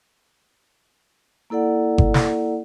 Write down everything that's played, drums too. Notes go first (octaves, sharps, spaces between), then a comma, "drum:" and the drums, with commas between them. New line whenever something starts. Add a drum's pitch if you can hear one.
A#3 E4 A4 D5 F#5
drum: kick G1
drum: snare